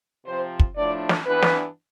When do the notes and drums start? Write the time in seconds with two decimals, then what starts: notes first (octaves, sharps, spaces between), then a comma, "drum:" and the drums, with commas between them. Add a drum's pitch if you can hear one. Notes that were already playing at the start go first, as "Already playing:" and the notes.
0.26 C3 F3 C4 C5
0.60 drum: kick
0.76 A2 F3 A3 D4 D5
1.09 drum: snare
1.26 G2 E3 B3 D4 B4
1.42 drum: snare